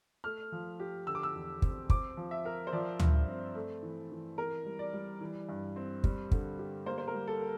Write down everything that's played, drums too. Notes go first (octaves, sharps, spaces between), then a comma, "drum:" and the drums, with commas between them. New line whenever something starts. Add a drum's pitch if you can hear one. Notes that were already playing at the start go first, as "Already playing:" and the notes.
A3 F6
F3
G4
D3 E6
D6
E6
E2
C4, drum: kick
C4 D6, drum: kick
F3
E5
A#4
C5
F3 D5
G2, drum: tom D2
C4
A3
E3
E3
C4 A#4
G3
D5
G3
E3
G2
C4
G3, drum: kick
D3, drum: kick
G4
A#3 C5
C5
A#4
G3
A4
A#4